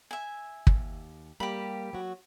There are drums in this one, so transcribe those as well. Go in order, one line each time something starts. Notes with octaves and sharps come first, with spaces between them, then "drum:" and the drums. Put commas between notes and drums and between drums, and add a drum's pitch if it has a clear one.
E5 G#5
drum: kick
D#2
G3 A#3 G4 B5
F#3 F#4